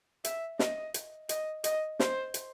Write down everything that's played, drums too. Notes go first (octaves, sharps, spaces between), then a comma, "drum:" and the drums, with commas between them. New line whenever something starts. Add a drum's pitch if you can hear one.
E5, drum: hi-hat
D#5, drum: snare
drum: hi-hat
D#5, drum: hi-hat
D#5, drum: hi-hat
C5, drum: snare
drum: hi-hat